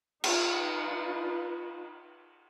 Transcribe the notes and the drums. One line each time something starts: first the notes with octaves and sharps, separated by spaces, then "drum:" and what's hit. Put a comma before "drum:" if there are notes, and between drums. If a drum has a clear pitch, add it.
D#4 F4 B4, drum: cymbal